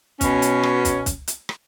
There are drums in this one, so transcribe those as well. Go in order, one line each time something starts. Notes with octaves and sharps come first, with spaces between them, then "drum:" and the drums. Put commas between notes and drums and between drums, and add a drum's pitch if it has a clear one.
B2 C#4, drum: kick, hi-hat
drum: hi-hat
drum: rim click
drum: kick, hi-hat
drum: kick, hi-hat
drum: hi-hat
drum: rim click